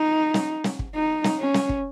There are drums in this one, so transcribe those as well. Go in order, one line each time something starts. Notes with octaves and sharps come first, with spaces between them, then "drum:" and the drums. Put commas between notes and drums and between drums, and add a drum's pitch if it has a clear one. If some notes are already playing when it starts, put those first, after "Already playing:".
Already playing: D#4
drum: snare
drum: snare
drum: kick
D#4
drum: snare
C#4
drum: snare
drum: kick